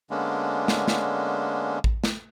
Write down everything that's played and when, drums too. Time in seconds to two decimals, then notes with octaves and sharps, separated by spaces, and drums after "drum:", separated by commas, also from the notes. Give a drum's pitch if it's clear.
0.10 D3 G#3 A#3 B3 C#4 D4
0.68 drum: snare
0.88 drum: snare
1.84 drum: kick A1
2.04 drum: snare